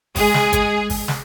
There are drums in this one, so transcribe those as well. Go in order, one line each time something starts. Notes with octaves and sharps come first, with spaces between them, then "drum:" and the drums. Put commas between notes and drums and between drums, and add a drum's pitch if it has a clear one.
G#3 G#4, drum: kick, open hi-hat
drum: snare
drum: kick, hi-hat
drum: kick, open hi-hat
drum: snare